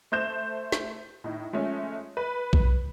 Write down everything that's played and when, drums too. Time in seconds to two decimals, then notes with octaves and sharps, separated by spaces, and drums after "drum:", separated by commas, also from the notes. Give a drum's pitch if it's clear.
0.12 A3 C5 G6 E7
0.72 drum: snare
1.24 A2 D#4
1.53 F3 G#3 A3 C#4
2.17 B4
2.53 drum: kick B1